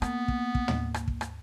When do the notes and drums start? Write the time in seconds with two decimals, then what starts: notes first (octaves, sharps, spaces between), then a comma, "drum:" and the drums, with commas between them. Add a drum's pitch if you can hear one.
0.02 A#3 B3, drum: rim click
0.28 drum: kick
0.55 drum: kick
0.68 drum: tom
0.94 drum: rim click
1.08 drum: kick
1.21 drum: rim click